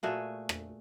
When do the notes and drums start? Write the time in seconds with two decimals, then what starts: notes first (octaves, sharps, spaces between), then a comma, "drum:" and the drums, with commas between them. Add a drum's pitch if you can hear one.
0.03 A#2 A3 F#4 G#4
0.49 drum: rim click